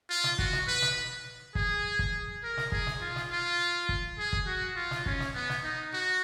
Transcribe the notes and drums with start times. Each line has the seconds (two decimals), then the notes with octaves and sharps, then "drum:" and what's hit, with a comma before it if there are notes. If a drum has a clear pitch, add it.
0.10 F4
0.24 drum: snare
0.39 F#4, drum: kick
0.53 drum: snare
0.68 B4
0.82 drum: snare
1.55 G#4, drum: kick
1.99 drum: kick
2.43 A#4
2.57 drum: snare
2.72 G#4, drum: kick
2.87 drum: snare
3.01 F4
3.16 drum: snare
3.30 F4
3.89 drum: kick
4.19 G#4
4.33 drum: kick
4.47 F#4
4.76 F4
4.91 drum: snare
5.06 C#4, drum: kick
5.20 drum: snare
5.35 B3
5.49 drum: snare
5.64 D#4
5.94 F#4